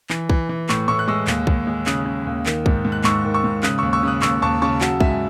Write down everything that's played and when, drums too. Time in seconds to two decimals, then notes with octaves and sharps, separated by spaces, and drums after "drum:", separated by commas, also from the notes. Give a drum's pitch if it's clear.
0.10 E3, drum: clap
0.29 E3, drum: kick B1
0.49 E3
0.69 A2 C#6 E6, drum: clap
0.88 A2 C#6 E6
0.99 F#6
1.08 G#3 C#6 E6
1.27 D#2, drum: clap
1.47 D#2, drum: kick B1
1.67 G#3
1.86 C#3 D#6 F#6, drum: clap
2.06 C#3
2.26 D#2
2.46 D#3, drum: clap
2.66 G#2, drum: kick B1
2.85 G#2
2.92 F#6
3.04 G#2 C#6 E6, drum: clap
3.25 D#3
3.34 C#6 E6
3.44 G#2
3.63 C#3 D#6 F#6, drum: clap
3.78 D#2 C#6 E6
3.93 C#6 E6
4.03 C#3 D#6 F#6
4.22 D#2 C#6 E6, drum: clap
4.42 D#2 A5 C#6
4.62 C#3 A5 C#6
4.81 F#3 F#5 A5, drum: clap
5.00 G#2 E5 G#5, drum: kick B1